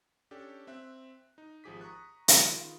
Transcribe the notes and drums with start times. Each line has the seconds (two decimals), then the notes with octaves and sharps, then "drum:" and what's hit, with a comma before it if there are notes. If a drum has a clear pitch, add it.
0.31 C#4 D4 G4 A4
0.67 C4 E5 F#6
1.38 D#4
1.64 G#1 F3 G4 G#4 D6 B6
1.81 A#5 C#6 D#6 F#6
2.28 D#3 F4 G#4 B5, drum: hi-hat